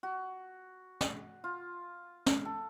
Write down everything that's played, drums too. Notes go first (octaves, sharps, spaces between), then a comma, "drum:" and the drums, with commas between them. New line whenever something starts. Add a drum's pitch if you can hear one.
F#4
drum: snare
F4
drum: snare
A4